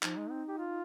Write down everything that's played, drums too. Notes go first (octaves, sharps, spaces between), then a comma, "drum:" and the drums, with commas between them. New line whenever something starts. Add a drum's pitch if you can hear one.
F3 D#4, drum: clap
G#3
C4
G4
F4